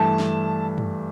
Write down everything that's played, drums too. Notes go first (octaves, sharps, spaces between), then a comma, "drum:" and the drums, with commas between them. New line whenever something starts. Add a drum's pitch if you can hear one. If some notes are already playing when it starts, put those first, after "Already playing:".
Already playing: G2 E3 A3 A5
drum: snare
drum: tom